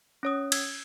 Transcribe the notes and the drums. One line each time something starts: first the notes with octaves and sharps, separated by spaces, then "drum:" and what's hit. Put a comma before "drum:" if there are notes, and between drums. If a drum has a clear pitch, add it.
C#4 C#5 D#6
E6 G#6, drum: cymbal